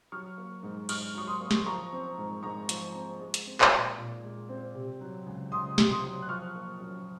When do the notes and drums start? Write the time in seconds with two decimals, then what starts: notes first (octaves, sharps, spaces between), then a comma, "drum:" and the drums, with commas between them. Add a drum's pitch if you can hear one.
0.12 F#3 C#6 F6
0.38 A#3
0.63 G#2
0.89 G#2 C#6 F6, drum: cymbal
1.14 F#3 C#6
1.27 C6 D#6
1.41 A#3
1.51 drum: snare
1.66 F3 A#5 C#6
1.92 C4
2.18 G#2
2.43 G#2 A#5 C#6
2.69 F3, drum: hi-hat
2.95 C4
3.21 G#3
3.34 drum: hi-hat
3.47 C4
3.61 drum: clap
3.72 A#2
3.98 A#2
4.23 G#3
4.49 C4
4.75 C3
5.01 F#3
5.26 C#2
5.52 C#2 C6 D#6
5.78 C3, drum: snare
5.91 C6 D#6
6.04 F#3
6.22 F#6
6.29 F3 C#6 F6
6.55 A#3
6.81 F#2